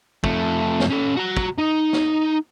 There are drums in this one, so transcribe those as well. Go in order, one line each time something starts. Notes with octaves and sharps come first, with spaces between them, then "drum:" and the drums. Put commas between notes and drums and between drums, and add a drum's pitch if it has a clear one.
F2 A3, drum: kick
drum: snare
C#4 A4
F#4 A#5
drum: kick
D#4
drum: snare